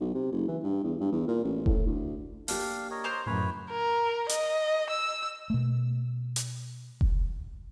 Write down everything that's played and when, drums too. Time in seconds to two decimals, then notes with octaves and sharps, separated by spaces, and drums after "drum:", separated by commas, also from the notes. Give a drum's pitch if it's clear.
0.01 B1
0.15 C3
0.32 F#1
0.48 E3
0.63 G2
0.84 E2
1.01 G2
1.12 E2
1.28 A#2
1.44 A1
1.66 A2, drum: kick F1
1.87 D2
2.48 A#3 D4 G4 F5, drum: open hi-hat
2.91 A#4 C#5 D#5
3.04 C5 A#5 D6
3.26 F#2 A2 C#3 B4 C#5
3.71 A#4
4.29 D#5, drum: hi-hat
4.90 E6
5.50 B2 A3
6.36 drum: hi-hat
7.01 drum: kick F1